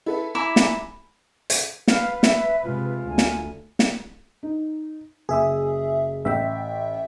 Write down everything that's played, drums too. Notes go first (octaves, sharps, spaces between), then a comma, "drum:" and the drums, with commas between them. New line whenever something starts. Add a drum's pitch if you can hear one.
E4 A4 B4
E4 G#5 A#5 D6
drum: snare
drum: hi-hat
B4 F5, drum: snare
E5, drum: snare
C3 G#3 F4
D2 G#5
drum: snare
drum: snare
D#4
F#1 G#4 E5 D#6
A1 E5 G5 B6